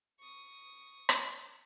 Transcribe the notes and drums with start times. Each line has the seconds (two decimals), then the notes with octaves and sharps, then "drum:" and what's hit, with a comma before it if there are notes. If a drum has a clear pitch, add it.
0.19 C#6 D#6
1.09 drum: rim click